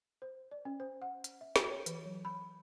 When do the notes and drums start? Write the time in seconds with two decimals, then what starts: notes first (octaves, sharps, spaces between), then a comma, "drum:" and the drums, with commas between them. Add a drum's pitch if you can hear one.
0.22 C5
0.51 D5
0.65 C#4
0.80 C5
1.02 F#5
1.24 drum: hi-hat
1.41 E5
1.56 F#4, drum: snare
1.71 C#5
1.86 E3, drum: hi-hat
2.05 F#3
2.25 B5